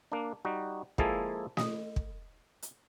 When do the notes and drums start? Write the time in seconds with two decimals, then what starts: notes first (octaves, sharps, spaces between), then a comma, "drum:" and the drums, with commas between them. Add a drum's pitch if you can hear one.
0.12 A#3 D4
0.45 G3 D#4 F#4
0.98 F3 G#3 A#3 E4 G#4 A4, drum: kick
1.57 D#5, drum: snare
1.96 drum: kick
2.62 drum: hi-hat